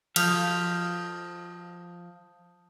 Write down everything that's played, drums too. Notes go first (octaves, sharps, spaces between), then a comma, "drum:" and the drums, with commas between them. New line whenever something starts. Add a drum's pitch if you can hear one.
F3 F5 A5 D#6 G6, drum: cymbal